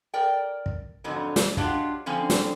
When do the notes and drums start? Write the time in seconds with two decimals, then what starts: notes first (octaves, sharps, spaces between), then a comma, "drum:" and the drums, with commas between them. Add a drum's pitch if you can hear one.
0.14 A#4 D5 G5
0.66 drum: kick
1.04 F2 G#2 D3 F#3 D#4
1.36 drum: snare
1.57 F#3 G#3 D4 F4 G4 F#5, drum: kick
2.06 D3 F3 C4 C#4
2.30 drum: snare